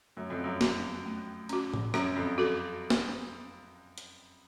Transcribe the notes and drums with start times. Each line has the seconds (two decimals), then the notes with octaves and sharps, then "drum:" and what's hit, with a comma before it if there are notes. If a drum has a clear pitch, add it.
0.17 F#2 A3
0.30 F2
0.44 F#2
0.61 C#4 F#4, drum: snare
1.06 A3
1.49 C#4 F#4, drum: hi-hat
1.74 drum: tom
1.94 F#2 C#4, drum: rim click
2.16 F2
2.38 F#4 A4
2.90 drum: snare
3.98 drum: hi-hat